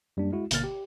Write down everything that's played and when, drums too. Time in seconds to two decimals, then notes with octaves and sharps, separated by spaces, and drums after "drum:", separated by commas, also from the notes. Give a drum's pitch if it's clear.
0.17 F#2 G3 A#3 D4
0.32 G#3 E4 F#4
0.51 G1 B2 D3 A#3 F6 A6, drum: hi-hat
0.64 G4